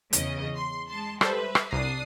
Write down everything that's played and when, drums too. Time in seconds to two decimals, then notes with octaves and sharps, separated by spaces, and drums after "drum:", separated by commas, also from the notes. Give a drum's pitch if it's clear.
0.13 E2 C#3 D#5, drum: hi-hat
0.57 C6
0.89 G#3 A5 C6
1.21 G3 A4 B4 C5 E5, drum: rim click
1.55 drum: rim click
1.71 C2 D4 A#5 D#6 C7